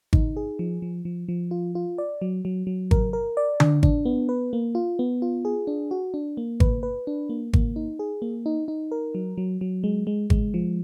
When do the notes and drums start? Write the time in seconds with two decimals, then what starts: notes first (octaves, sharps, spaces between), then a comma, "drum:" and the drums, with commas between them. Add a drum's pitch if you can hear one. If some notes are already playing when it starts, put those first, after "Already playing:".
0.13 D#4, drum: kick G#1
0.37 G#4
0.59 F3
0.82 F3
1.05 F3
1.29 F3
1.51 F4
1.75 F4
1.98 D5
2.22 F#3
2.45 F#3
2.67 F#3
2.91 A#4, drum: kick G#1
3.13 A#4
3.37 D5
3.60 D4, drum: tom D3
3.83 D4, drum: kick G#1
4.05 B3
4.29 B4
4.53 A#3
4.75 F4
4.99 B3
5.22 F4
5.45 G#4
5.67 D4
5.91 F#4
6.14 D4
6.37 A#3
6.60 B4, drum: kick G#1
6.83 B4
7.07 D4
7.29 A#3
7.53 A#3, drum: kick G#1
7.76 D#4
7.99 G#4
8.22 A#3
8.46 D#4
8.68 D#4
8.92 A#4
9.15 F#3
9.38 F#3
9.61 F#3
9.84 G#3
10.07 G#3
10.30 G#3, drum: kick G#1
10.54 F3